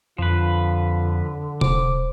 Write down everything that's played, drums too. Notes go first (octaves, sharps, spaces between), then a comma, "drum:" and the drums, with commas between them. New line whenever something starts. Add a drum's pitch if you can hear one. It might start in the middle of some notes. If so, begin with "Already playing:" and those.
F2 D3 F3 F4 B4
D#1 C5 D6, drum: tom C3